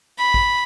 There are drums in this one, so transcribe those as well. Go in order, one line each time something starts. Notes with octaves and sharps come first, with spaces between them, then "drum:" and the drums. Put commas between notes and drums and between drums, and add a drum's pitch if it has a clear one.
B5
drum: kick